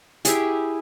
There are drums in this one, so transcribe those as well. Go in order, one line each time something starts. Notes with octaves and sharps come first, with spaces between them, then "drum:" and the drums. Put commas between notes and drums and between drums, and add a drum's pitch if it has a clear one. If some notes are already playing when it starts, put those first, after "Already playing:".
E4 G4 G#4, drum: hi-hat